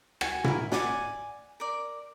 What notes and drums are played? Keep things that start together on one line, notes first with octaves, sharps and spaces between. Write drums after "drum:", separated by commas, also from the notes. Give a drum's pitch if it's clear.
F#4 G#5, drum: rim click
E4 A#4, drum: tom
D5 F#5 G#5 D6, drum: snare
A#4 D5